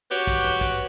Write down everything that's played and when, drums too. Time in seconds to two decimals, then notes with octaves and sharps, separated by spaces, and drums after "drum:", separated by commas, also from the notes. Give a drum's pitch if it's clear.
0.11 F#4 G4 B4 C#5
0.27 drum: kick, hi-hat
0.44 drum: tom
0.61 drum: kick, hi-hat